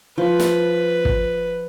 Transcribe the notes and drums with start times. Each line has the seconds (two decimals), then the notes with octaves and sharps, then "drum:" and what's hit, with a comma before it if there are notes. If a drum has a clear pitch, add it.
0.18 F3 B4
0.40 drum: snare
1.05 drum: kick